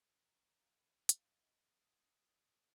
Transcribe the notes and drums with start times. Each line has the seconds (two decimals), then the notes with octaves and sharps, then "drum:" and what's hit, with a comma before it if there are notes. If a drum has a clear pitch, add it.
0.20 A#5
0.58 F5 A#5
0.72 B5
1.09 D#5 F5, drum: hi-hat
1.67 D#6